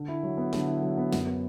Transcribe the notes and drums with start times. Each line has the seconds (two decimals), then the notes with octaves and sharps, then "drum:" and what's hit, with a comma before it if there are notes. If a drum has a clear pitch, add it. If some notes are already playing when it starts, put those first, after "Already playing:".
Already playing: D3
0.08 E4
0.23 F#3
0.37 B3
0.53 D3, drum: snare
0.68 E4
0.82 F#3
0.97 B3
1.12 F#2, drum: snare
1.26 B3